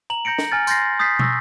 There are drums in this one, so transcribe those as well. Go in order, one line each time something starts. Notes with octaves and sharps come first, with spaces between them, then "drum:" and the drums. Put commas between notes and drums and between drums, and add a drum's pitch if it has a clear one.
A#5 F#7
A#5 G6 A#6 C#7 D7
drum: snare
G#5 F6 A6
C6 G6 A6 A#6 C7, drum: tambourine
D#6 G6 A6 B6 C7
C#6 E6 A#6, drum: tom